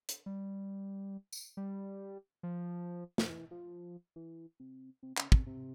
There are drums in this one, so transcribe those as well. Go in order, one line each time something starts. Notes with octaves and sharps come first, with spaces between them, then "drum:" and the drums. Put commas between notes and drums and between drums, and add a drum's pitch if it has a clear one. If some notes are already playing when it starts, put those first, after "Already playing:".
drum: hi-hat
G3
drum: tambourine
G3
F3
F3, drum: snare
E3
F3
E3
C3
C3
C#3, drum: clap
C3, drum: kick
C3